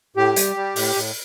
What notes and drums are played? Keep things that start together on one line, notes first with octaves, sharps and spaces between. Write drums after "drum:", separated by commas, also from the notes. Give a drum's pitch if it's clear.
A2 G4
G3, drum: hi-hat
G3
A2, drum: open hi-hat
A2